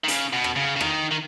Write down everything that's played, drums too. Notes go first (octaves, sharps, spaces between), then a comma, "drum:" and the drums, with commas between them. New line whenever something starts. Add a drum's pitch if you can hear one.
D#3
C#3, drum: hi-hat
B2
drum: rim click
C#3
C#3
D#3, drum: rim click
D#3